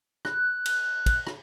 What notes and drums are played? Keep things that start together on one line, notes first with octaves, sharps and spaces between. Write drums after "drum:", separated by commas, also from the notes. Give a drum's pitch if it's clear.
F#6, drum: rim click
drum: cymbal
drum: kick, cymbal
drum: rim click